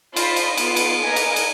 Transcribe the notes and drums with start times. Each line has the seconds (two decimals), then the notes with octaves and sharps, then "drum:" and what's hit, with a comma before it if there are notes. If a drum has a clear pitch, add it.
0.16 F4 C5 D#5 B5, drum: cymbal
0.36 drum: cymbal
0.57 B3 F4, drum: cymbal
0.76 drum: cymbal
1.02 A#3 A#4 B4 D#5 G#5
1.16 drum: cymbal
1.36 drum: cymbal